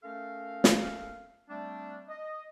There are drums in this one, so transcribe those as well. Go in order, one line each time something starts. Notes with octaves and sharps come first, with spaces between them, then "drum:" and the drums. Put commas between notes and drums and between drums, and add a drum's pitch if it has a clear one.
A3 C#4 A4 A#4 F5
drum: snare
G3 A3 C4 D4
D#5